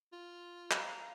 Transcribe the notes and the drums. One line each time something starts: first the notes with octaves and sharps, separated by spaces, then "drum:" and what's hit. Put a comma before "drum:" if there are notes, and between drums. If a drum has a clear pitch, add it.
F4
F5 A#5, drum: clap